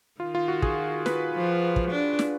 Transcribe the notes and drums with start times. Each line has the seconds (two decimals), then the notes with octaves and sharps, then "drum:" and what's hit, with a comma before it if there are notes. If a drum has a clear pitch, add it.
0.20 D#3 F4
0.35 F4
0.48 F#4
0.62 G#4, drum: kick
1.06 B4, drum: snare
1.33 F3
1.76 drum: kick
1.91 D4
2.19 drum: snare